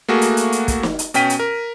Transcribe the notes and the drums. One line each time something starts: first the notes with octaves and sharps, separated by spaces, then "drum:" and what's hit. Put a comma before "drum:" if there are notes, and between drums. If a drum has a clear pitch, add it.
A3 A#3 F#4 G#4
drum: hi-hat
drum: hi-hat
drum: hi-hat
drum: kick, hi-hat
drum: snare
drum: hi-hat
B2 C#4 G5 B6 D#7, drum: hi-hat
drum: hi-hat
A#4